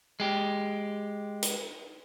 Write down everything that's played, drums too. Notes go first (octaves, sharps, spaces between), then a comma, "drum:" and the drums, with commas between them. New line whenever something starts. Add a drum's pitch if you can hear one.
G#3 G4
drum: hi-hat